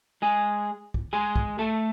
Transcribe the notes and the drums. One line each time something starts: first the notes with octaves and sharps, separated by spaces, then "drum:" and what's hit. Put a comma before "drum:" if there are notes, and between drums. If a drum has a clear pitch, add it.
G#3 G#4
drum: kick
G#3 G#4
drum: kick
A3 A4